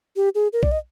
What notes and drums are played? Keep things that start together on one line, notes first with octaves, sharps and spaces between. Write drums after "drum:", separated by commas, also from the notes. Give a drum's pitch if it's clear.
G4
G#4
A#4
D5, drum: kick B1
D#5